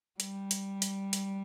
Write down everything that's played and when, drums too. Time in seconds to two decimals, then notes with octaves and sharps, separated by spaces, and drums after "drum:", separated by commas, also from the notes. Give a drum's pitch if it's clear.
0.20 G3, drum: hi-hat
0.51 drum: hi-hat
0.82 drum: hi-hat
1.13 drum: hi-hat